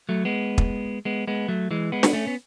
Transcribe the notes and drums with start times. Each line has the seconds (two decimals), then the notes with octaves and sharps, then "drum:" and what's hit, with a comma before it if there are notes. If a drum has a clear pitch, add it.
0.09 F#3 A3
0.25 G#3 B3
0.58 drum: kick
1.05 G#3 B3
1.28 G#3 B3
1.48 F#3 A3
1.71 E3 G#3
1.92 G#3 B3
2.03 drum: snare
2.13 A3 C#4
2.27 B3